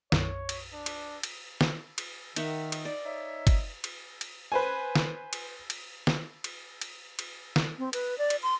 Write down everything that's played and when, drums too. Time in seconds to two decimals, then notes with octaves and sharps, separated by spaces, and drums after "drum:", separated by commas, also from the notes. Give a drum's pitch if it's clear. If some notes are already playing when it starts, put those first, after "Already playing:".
0.12 B1 F#2 C#5, drum: snare
0.49 drum: cymbal
0.74 D4
0.86 drum: cymbal
1.23 drum: cymbal
1.61 drum: snare
1.98 drum: cymbal
2.36 D#3 D#4 E5 F#5, drum: cymbal
2.72 drum: cymbal
2.85 D5
3.04 D#4 C#5 E5
3.47 drum: kick G1, cymbal
3.84 drum: cymbal
4.21 drum: cymbal
4.52 B4 C5 G#5
4.95 drum: snare
5.33 drum: cymbal
5.70 drum: cymbal
6.07 drum: snare
6.44 drum: cymbal
6.81 drum: cymbal
7.19 drum: cymbal
7.56 drum: snare
7.78 C4
7.93 B4, drum: cymbal
8.18 D5
8.30 drum: cymbal
8.43 C6